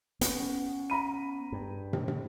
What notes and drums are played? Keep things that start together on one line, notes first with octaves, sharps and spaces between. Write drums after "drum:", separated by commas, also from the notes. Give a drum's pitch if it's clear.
B3 C#4, drum: hi-hat
A#5 B5 D#7
G2
drum: tom
drum: tom